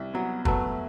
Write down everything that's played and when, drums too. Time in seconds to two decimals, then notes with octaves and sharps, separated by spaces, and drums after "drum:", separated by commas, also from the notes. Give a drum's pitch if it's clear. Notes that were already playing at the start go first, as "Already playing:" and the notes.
Already playing: C2
0.14 F#3 B3
0.45 F#3 A3 B4, drum: kick